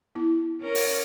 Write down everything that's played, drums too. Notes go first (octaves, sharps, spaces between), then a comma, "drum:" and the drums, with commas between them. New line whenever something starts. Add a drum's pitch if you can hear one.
B3 E4
C#4 A#4
drum: open hi-hat